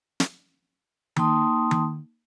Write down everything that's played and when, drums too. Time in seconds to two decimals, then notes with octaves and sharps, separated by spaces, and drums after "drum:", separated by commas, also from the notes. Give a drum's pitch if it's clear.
0.20 drum: snare
1.16 A#3 D#4 G5 A5 C6 D#6, drum: tom D#3
1.71 drum: tom D#3